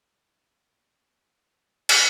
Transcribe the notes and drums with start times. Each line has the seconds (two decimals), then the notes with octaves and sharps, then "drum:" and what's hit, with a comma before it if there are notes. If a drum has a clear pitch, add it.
0.11 C2 C#3 A#3 B3 F5 D6
1.89 drum: cymbal